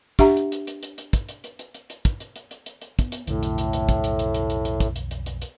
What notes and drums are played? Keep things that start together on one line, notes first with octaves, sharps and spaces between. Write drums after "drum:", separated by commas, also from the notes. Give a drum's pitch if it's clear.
D4 G4 E5 F#5 A#5, drum: kick, hi-hat
drum: hi-hat
drum: hi-hat
drum: hi-hat
drum: hi-hat
drum: hi-hat
drum: kick, hi-hat
drum: hi-hat
drum: hi-hat
drum: hi-hat
drum: hi-hat
drum: hi-hat
drum: kick, hi-hat
drum: hi-hat
drum: hi-hat
drum: hi-hat
drum: hi-hat
drum: hi-hat
B3, drum: kick, hi-hat
drum: hi-hat
B1 F2 A2 D3, drum: hi-hat
drum: hi-hat
drum: hi-hat
drum: hi-hat
drum: kick, hi-hat
drum: hi-hat
drum: hi-hat
drum: hi-hat
drum: hi-hat
drum: hi-hat
drum: kick, hi-hat
drum: hi-hat
drum: hi-hat
drum: hi-hat
drum: hi-hat